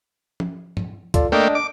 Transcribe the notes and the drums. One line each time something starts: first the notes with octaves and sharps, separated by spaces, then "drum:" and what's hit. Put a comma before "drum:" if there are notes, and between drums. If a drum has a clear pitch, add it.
drum: tom
drum: tom G2
F4 A4 D5, drum: kick C#2, hi-hat
A3 A#3 D4 D#5 G5
D6